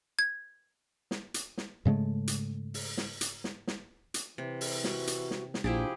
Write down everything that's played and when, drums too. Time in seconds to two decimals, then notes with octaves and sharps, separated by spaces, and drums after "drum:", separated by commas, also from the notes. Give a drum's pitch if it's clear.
0.19 G#6
1.11 drum: snare
1.34 drum: hi-hat
1.58 drum: snare
1.85 G#2 C#3 G#3 A3
2.27 drum: hi-hat
2.74 drum: open hi-hat
2.97 drum: snare
3.21 drum: hi-hat
3.44 drum: snare
3.67 drum: snare
4.14 drum: hi-hat
4.38 C3 E3
4.61 drum: open hi-hat
4.84 F#4, drum: snare
5.07 drum: hi-hat
5.31 drum: snare
5.54 drum: snare
5.64 A#1 F3 D4 E4 G4 G#4